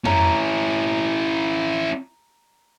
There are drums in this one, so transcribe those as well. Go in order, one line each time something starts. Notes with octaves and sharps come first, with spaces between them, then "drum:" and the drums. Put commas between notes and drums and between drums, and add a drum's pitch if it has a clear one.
C#4 E4 A#5, drum: tom F2